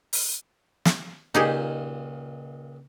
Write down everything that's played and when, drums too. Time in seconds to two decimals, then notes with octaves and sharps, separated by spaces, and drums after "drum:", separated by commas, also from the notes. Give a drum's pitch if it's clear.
0.13 drum: open hi-hat
0.85 drum: snare
1.35 C#2 A#2 D#3 D#4 G4 G#4